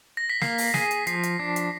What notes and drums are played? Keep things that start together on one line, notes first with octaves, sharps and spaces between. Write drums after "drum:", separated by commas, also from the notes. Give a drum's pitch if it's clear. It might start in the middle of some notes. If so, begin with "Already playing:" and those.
A#6
B6
A#3 C7, drum: snare
drum: open hi-hat
G#4 B6, drum: snare
drum: hi-hat
F3 C7, drum: hi-hat
drum: hi-hat
D4
drum: hi-hat